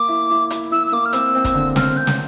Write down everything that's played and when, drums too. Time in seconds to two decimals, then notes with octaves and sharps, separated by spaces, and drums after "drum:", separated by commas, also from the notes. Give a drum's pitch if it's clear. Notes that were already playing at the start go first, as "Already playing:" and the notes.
Already playing: A#3 D6
0.08 E4
0.30 E4
0.50 E4, drum: hi-hat
0.71 E4 E6
0.87 E6
0.92 A#3 D6
1.05 F6
1.13 C4 E6, drum: hi-hat
1.35 C4
1.45 drum: kick, hi-hat
1.54 D3
1.76 C4 F6, drum: snare
1.96 C4 G6
2.07 drum: snare